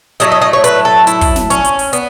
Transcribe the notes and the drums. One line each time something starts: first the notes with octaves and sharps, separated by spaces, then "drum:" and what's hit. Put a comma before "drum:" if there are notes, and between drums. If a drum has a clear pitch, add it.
A2 F#3 A3 D#5, drum: hi-hat
D#5
D#5
C#5
B4, drum: hi-hat
A4
E4, drum: hi-hat
drum: kick, open hi-hat
drum: snare
C#4, drum: hi-hat
drum: hi-hat
drum: open hi-hat
B3, drum: hi-hat